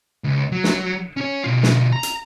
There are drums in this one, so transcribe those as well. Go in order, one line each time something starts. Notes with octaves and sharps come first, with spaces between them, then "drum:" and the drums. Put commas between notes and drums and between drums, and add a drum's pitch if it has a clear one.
C#2
F#3
drum: snare
C#4 C#5
B2 F4
drum: snare
A#5
drum: hi-hat